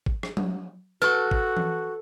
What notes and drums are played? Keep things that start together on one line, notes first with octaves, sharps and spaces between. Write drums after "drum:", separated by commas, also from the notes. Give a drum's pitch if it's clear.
drum: kick G#1
drum: rim click
drum: tom F#3
F#4 A4 B4 C#6
drum: kick G#1
drum: tom E3